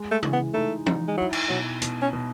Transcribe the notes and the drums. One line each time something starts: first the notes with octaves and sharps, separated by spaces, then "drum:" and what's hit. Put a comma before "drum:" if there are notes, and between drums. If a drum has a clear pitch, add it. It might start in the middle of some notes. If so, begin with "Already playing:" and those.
Already playing: G#3
A3
E3, drum: tom
B3
A3 D#4
D#4, drum: tom E3
G#3
F#3 E4
drum: cymbal
B2 F#3
B2, drum: hi-hat
C#4
B2